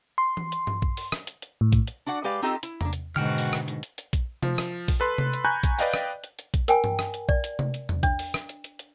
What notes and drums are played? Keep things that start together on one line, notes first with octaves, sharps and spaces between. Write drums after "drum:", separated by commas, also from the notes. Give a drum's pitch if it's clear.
C6
drum: tom E3
drum: hi-hat
drum: tom G2
drum: kick A#1
drum: open hi-hat
drum: rim click
drum: hi-hat
drum: hi-hat
A2
drum: kick A#1, hi-hat
drum: hi-hat
D4 F#4 D5 F#5
G#3 G4 B4 D5 F5
C4 D#4 F4 G4 A4 D#5
E4, drum: hi-hat
A#3 D4, drum: tom E2
drum: hi-hat
G#2 B2 D3 D#3 F#4 G5 F6
drum: open hi-hat
drum: rim click
drum: hi-hat
drum: hi-hat
drum: hi-hat
drum: kick A#1, hi-hat
F3, drum: tom C3
drum: rim click
drum: kick A#1, open hi-hat
A4 B4 C6
drum: tom C3
drum: hi-hat
G#5 A#5 B5 C#6 F#6 G6
drum: kick A#1, hi-hat
B4 D5 D#5 F5 G5, drum: open hi-hat
drum: rim click
drum: hi-hat
drum: hi-hat
drum: kick A#1, hi-hat
A#4 G5 G#5 A#5, drum: hi-hat
drum: tom G2
drum: rim click
drum: hi-hat
D5, drum: kick A#1
drum: hi-hat
drum: tom C3
drum: hi-hat
drum: tom E2
D4, drum: kick A#1, hi-hat
drum: open hi-hat
drum: rim click
drum: hi-hat
drum: hi-hat
drum: hi-hat